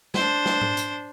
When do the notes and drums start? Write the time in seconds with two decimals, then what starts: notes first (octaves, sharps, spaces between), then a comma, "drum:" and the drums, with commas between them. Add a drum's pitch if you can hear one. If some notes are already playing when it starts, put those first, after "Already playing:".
0.14 D4 C5, drum: snare
0.46 drum: snare
0.61 drum: tom
0.77 drum: hi-hat